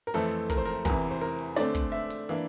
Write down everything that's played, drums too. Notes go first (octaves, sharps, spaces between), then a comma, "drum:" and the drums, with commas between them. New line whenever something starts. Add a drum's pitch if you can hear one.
A#4
F2 E3 A3 C4 A4, drum: hi-hat
drum: hi-hat
A#4, drum: kick, hi-hat
C5
A#4, drum: hi-hat
E2 C3 E3 A#4, drum: kick, hi-hat
C5
A#4, drum: hi-hat
drum: hi-hat
D3 A3 C4 D5, drum: snare
drum: kick, hi-hat
E5, drum: hi-hat
drum: open hi-hat
E3 A#3 D4, drum: hi-hat